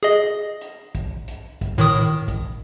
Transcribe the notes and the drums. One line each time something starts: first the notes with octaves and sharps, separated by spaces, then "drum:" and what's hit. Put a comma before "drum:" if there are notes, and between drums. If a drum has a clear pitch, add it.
G#4 D#5
drum: hi-hat
drum: kick, hi-hat
drum: hi-hat
drum: kick, hi-hat
A2 D#3 D#6
drum: hi-hat
drum: kick, hi-hat